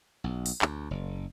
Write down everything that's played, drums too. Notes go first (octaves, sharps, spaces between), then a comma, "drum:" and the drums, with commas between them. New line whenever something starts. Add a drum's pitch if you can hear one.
B1
drum: open hi-hat
D2, drum: clap
F#1